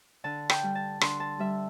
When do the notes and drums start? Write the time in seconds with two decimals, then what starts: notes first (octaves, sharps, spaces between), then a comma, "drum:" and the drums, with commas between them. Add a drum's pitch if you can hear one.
0.24 D3 A5
0.50 G5, drum: rim click
0.63 G3
0.75 A5
1.01 D3 C6, drum: rim click
1.20 A5
1.39 G3 E5